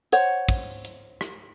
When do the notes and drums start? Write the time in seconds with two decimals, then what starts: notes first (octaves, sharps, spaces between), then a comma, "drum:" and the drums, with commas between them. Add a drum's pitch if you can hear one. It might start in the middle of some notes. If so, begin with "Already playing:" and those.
0.12 C5 C#5 F#5, drum: hi-hat
0.49 drum: kick, open hi-hat
0.85 drum: hi-hat
1.21 drum: rim click